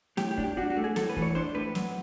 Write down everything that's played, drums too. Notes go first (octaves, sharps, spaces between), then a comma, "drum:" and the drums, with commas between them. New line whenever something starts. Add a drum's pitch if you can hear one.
A2 G4, drum: snare
G4
D4, drum: kick
G4
D4 F#4
F#4
A3
G#4
A2 A4, drum: snare
B4
E3, drum: kick
C#5
D4 C5
A2 B4
F#3, drum: snare